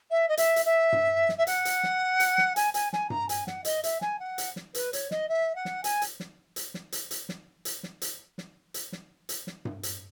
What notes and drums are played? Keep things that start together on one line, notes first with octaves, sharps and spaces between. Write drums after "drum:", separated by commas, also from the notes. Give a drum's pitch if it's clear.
E5
D#5
E5, drum: hi-hat
drum: hi-hat
E5
drum: tom G2
drum: snare
E5
F#5, drum: hi-hat
drum: hi-hat
drum: snare
drum: hi-hat
drum: snare
G#5, drum: hi-hat
G#5, drum: hi-hat
G#5, drum: snare
A#5, drum: tom G2
G#5, drum: hi-hat
F#5, drum: snare
D#5, drum: hi-hat
E5, drum: hi-hat
G#5, drum: snare
F#5
drum: hi-hat
drum: snare
B4, drum: hi-hat
C#5, drum: hi-hat
D#5, drum: snare
E5
F#5
drum: snare
G#5, drum: hi-hat
drum: hi-hat
drum: snare
drum: hi-hat
drum: snare
drum: hi-hat
drum: hi-hat
drum: snare
drum: hi-hat
drum: snare
drum: hi-hat
drum: snare
drum: hi-hat
drum: snare
drum: hi-hat
drum: snare
drum: tom G2
drum: hi-hat